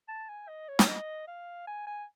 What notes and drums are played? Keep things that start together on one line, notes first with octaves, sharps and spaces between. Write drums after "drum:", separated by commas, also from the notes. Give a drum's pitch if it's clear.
A5
G#5
D#5
C#5
drum: snare
D#5
F5
G#5
G#5